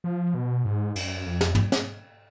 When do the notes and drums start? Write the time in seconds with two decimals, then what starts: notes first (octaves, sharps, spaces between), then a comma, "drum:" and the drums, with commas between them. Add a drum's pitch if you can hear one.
0.04 F3
0.34 B2
0.65 G#2
0.96 F#2, drum: cymbal
1.26 F2
1.41 drum: snare
1.55 drum: tom
1.72 drum: snare